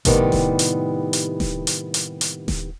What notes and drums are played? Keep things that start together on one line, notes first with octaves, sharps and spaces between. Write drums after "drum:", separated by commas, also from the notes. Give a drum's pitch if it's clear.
A2 C3 D#3 G3 B3, drum: kick G1, hi-hat
drum: snare D#1
drum: hi-hat
drum: hi-hat
drum: snare D#1
drum: hi-hat
drum: hi-hat
drum: hi-hat
drum: snare D#1